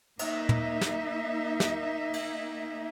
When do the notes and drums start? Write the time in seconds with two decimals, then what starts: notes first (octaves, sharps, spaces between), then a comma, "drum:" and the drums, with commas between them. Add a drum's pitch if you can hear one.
0.19 A#3 D#4 E5, drum: cymbal
0.49 drum: tom
0.81 drum: snare
1.60 drum: snare
2.13 drum: cymbal